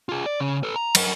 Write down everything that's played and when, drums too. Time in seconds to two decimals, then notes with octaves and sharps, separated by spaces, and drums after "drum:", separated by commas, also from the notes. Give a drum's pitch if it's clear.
0.09 F4 G#4
0.26 D5
0.40 C#3 C#4
0.63 A4 B4
0.76 A#5
0.95 F#3 A#4, drum: cymbal